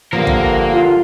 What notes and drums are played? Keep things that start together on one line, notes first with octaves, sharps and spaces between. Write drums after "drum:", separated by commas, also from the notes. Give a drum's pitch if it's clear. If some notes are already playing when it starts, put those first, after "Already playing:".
G2 D3 F3 A#3 A#4
drum: kick
F4